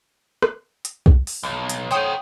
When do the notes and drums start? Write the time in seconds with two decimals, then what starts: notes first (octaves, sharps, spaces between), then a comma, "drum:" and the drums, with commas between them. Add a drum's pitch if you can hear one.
0.42 drum: rim click
0.85 drum: hi-hat
1.06 drum: kick
1.27 drum: open hi-hat
1.43 B1
1.69 drum: hi-hat
1.91 C5 C#5 F#5 G5 D#6